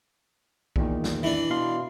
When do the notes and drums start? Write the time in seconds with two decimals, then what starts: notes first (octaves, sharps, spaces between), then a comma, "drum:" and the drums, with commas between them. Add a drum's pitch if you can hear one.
0.76 E2 A#2 D#3, drum: kick B1
1.04 drum: snare
1.23 E3 D4
1.50 B2 F5 C6